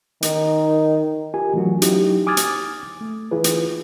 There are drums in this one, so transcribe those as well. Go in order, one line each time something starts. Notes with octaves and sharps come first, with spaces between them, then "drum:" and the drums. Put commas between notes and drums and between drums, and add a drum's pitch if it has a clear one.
D#3, drum: hi-hat
F4 G4 A#4 G#5
E3 F#3 A3 C#4 F#4
F#3 D#4 E4 G4, drum: hi-hat
G#5 D6 D#6 F6 G#6 A6
drum: hi-hat
A3
E3 E4 F4 G#4 B4
drum: hi-hat